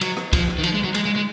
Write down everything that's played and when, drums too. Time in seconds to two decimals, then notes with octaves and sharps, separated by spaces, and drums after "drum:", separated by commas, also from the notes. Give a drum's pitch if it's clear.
0.01 F#3, drum: cymbal
0.17 drum: rim click
0.33 F3, drum: kick, cymbal
0.48 drum: rim click
0.59 D#3
0.63 F3, drum: cymbal
0.74 G#3
0.84 F#3
0.94 G#3, drum: cymbal
1.05 G#3
1.16 G#3